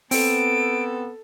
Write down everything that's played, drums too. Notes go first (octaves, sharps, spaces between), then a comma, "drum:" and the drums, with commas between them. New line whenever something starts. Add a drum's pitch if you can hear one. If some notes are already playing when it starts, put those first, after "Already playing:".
B3 C4 A4 D7, drum: open hi-hat